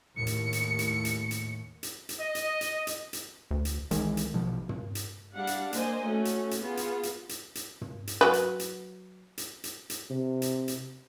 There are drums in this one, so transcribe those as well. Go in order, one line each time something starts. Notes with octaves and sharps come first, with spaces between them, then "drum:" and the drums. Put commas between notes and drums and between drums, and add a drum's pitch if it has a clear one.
D#2 A2 C#7
drum: hi-hat
drum: hi-hat
drum: hi-hat
drum: hi-hat
drum: hi-hat
drum: hi-hat
drum: hi-hat
D#5
drum: hi-hat
drum: hi-hat
drum: hi-hat
drum: hi-hat
D2
drum: hi-hat
C2 D#3 E3 G#3, drum: hi-hat
drum: hi-hat
A#1 B2 F3
drum: tom
drum: hi-hat
G3 D4 G4 F5 F#5
drum: hi-hat
A#3 C5 D#5 G#5, drum: hi-hat
A3 C#4 F#4
drum: hi-hat
drum: hi-hat
B3 F4 G#4
drum: hi-hat
drum: hi-hat
drum: hi-hat
drum: hi-hat
drum: tom
drum: hi-hat
F#3 B4
drum: hi-hat
drum: hi-hat
drum: hi-hat
drum: hi-hat
drum: hi-hat
C3
drum: hi-hat
drum: hi-hat